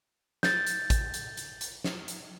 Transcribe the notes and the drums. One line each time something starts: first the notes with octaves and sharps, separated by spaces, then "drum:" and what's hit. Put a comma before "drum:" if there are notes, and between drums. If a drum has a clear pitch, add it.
G6 A6, drum: snare
drum: hi-hat
drum: kick, hi-hat
drum: hi-hat
drum: hi-hat
drum: hi-hat
drum: snare
drum: hi-hat